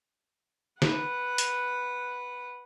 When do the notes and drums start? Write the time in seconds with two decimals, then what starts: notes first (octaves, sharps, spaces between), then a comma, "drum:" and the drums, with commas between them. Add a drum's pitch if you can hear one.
0.82 B4 F#5, drum: snare
1.38 drum: hi-hat